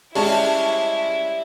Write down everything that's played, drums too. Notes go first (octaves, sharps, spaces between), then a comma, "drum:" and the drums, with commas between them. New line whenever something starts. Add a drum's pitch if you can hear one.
G3 G#3 C#4 E4 A5, drum: open hi-hat